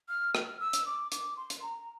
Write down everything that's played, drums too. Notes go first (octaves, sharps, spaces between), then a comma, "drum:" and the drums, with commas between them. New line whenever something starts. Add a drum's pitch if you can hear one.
F6
F6, drum: rim click
E6
drum: hi-hat
D6
D6, drum: hi-hat
C6
drum: hi-hat
A#5